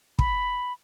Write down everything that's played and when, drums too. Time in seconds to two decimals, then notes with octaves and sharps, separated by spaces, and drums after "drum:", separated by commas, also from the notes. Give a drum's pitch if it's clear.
0.19 B5, drum: kick